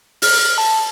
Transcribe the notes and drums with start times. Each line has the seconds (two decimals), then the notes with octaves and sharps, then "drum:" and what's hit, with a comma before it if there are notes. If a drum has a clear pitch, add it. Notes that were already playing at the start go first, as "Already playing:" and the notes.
0.22 F6, drum: open hi-hat
0.58 A5